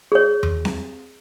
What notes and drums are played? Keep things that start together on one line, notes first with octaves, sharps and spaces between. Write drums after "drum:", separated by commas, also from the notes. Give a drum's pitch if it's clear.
G#4 C#5
drum: tom E2
drum: snare C4